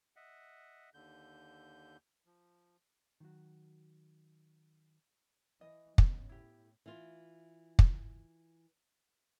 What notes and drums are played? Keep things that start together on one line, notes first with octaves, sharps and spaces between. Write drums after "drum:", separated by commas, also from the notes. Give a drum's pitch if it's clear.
D#5 E5 F#5
D#2 D3 G6
F3
D#3 F#3 F#4
E3 D#5
D2 B3 C#4, drum: kick
A2 E4 G4
E3 F4
drum: kick